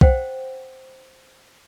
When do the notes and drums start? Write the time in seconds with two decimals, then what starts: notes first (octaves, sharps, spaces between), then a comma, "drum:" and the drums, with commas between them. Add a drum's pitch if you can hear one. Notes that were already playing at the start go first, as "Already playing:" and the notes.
0.01 C5 F#5 G5, drum: kick B1